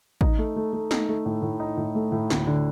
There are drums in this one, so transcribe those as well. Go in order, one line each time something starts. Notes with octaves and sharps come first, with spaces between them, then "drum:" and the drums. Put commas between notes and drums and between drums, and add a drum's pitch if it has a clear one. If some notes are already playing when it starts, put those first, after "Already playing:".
D#4, drum: kick A1
A3
A3
A3
D#4, drum: snare
A3
A2
A2
D#4
A2
A3
A2
D2, drum: snare
D3